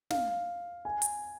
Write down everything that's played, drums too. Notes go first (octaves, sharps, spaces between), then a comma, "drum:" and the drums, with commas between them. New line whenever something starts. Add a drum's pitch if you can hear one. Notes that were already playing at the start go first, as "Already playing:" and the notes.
F5, drum: snare
G#5
drum: hi-hat